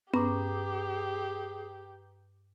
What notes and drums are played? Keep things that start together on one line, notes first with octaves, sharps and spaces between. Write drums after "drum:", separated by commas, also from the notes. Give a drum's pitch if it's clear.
G2 C#4 G4 G#4 B4 A#5 C#6 D6, drum: tom B3